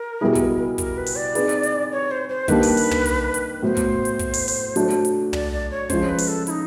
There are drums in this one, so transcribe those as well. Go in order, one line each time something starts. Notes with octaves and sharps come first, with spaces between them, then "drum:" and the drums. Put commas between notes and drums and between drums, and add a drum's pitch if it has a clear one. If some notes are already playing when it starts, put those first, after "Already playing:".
Already playing: A#4
B2 G3 B3 E4 G#4
drum: kick, hi-hat
A#4, drum: kick, hi-hat
B4
drum: open hi-hat
D5
C4 D#4 G#4 B4, drum: hi-hat
drum: hi-hat
drum: hi-hat
C#5
C5
C5
D#3 G3 A#3 D4 G4 B4, drum: kick, hi-hat
drum: open hi-hat
drum: open hi-hat
drum: tom
drum: hi-hat
drum: hi-hat
A2 F#3 B3 C5
drum: kick, hi-hat
drum: hi-hat
drum: kick, hi-hat
drum: open hi-hat
drum: open hi-hat
F#3 A3 D4, drum: hi-hat
drum: hi-hat
drum: hi-hat
D5, drum: tom
D5
C#5
F3 G#3 C#4 C5, drum: kick, hi-hat
B4
drum: open hi-hat
A4
E4, drum: hi-hat
D#4